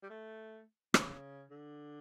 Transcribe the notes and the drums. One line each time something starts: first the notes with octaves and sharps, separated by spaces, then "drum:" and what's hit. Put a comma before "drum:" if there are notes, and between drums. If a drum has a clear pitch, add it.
G3
A3
C#3, drum: rim click
D3